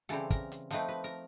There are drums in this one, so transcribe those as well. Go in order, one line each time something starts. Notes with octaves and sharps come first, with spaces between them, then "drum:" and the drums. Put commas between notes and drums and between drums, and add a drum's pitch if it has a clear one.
C#3 E3 G3 C4 A4, drum: hi-hat
A#4, drum: kick, hi-hat
drum: hi-hat
F3 A3 C4 D#4 B4, drum: hi-hat
B4
A#4